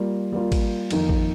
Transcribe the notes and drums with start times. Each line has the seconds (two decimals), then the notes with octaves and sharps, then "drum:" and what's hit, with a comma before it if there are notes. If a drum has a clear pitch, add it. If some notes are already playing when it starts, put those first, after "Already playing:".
Already playing: G3 A#3 F4
0.32 G3 A#3 F4
0.52 drum: kick, cymbal
0.91 F2 D#3 A#3 D#4, drum: cymbal
1.09 drum: kick